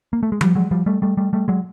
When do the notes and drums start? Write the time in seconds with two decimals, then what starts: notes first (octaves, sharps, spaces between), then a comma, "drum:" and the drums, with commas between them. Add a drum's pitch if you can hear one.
0.13 A#3
0.23 A3
0.32 G#3
0.41 F3 G3, drum: tom F3
0.55 F#3 G#3
0.71 F3 G3
0.86 G3 A3
1.02 G3 A3
1.17 G3 A3
1.33 G3 A3
1.48 F#3 G#3